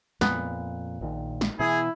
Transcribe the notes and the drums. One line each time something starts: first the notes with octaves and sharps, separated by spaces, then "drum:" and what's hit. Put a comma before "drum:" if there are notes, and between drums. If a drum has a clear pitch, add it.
F2 A#2 B3, drum: snare
A#1 A#2 D#3
drum: snare
B2 E3 E4 G#4